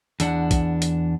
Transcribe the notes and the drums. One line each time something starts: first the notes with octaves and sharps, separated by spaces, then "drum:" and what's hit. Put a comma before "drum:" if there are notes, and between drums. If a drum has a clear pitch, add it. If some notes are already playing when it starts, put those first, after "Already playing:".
E2 D4 F#5, drum: hi-hat
drum: kick, hi-hat
drum: hi-hat